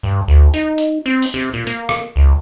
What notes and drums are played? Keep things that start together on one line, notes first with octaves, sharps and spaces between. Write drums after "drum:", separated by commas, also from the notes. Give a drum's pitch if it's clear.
G2
D2
D#4, drum: hi-hat
drum: hi-hat
C4
drum: open hi-hat
C3
A#2
A#3, drum: hi-hat
drum: rim click
C#2